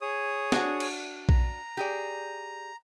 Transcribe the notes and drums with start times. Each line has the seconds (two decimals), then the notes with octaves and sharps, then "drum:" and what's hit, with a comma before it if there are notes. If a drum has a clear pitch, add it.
0.01 G#4 C#5 D#6
0.52 D4 F#4, drum: snare
0.80 drum: cymbal
1.29 A#5, drum: kick A#1
1.77 G4 G#4 D5